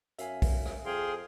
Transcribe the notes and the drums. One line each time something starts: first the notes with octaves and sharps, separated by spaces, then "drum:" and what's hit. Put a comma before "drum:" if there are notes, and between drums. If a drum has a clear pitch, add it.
F#2 E5 F5 G#5, drum: hi-hat
drum: kick, open hi-hat
drum: rim click
F2 G#4 F5 G5 C6